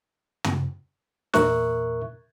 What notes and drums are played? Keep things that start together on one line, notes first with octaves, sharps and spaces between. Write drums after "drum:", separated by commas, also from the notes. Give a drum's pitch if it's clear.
drum: tom
E2 A#2 A#4 E5 C#6 F#6, drum: snare